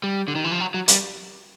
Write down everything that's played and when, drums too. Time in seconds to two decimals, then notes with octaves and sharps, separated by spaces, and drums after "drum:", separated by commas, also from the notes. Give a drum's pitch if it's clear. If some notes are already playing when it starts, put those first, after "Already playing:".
0.04 G3
0.28 D3
0.35 D#3
0.44 E3
0.51 F3
0.60 F#3
0.74 F#3
0.88 G3, drum: hi-hat